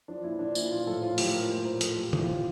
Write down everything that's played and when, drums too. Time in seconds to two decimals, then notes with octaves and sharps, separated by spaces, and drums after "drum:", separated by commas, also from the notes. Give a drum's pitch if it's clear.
0.08 F3 D4
0.23 A#2 E4
0.39 F3 D4
0.55 A#2 E4, drum: tambourine
0.71 F3 F4
0.87 A2 A4
1.02 F3 F4
1.18 A2 G4, drum: open hi-hat
1.34 F3 A#4
1.50 A#2 C5
1.65 F3 A#4
1.81 A#2 A4, drum: hi-hat
1.97 F3 G4
2.06 F4
2.13 A#2 E4, drum: tom D3
2.24 F3 F4